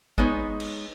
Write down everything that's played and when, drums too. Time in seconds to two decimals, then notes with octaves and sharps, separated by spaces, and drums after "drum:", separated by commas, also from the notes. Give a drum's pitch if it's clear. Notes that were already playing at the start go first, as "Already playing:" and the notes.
0.18 G#3 B3 D#4 C#5, drum: kick
0.60 drum: cymbal